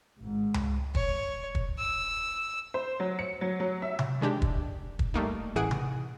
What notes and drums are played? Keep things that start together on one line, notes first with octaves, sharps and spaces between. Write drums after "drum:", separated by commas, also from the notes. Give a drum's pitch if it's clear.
G#1 G#2
drum: tom C#2
C#5, drum: kick
drum: kick
E6
C5
F#3
C#7
F#3
F#3
E5
drum: tom C3
D#3 G#3 D4 G4
drum: kick
drum: kick
G3 A3 A#3 D#4
A1 E3 G#4 F#5 D7
drum: tom C3